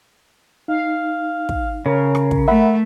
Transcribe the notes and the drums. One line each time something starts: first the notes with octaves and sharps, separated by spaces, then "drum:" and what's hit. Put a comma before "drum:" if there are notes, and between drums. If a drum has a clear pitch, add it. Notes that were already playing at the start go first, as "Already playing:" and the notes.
D#4 F5
drum: kick
C#3 A#4 C#5
drum: rim click
drum: kick
A3 E5 F#5 B5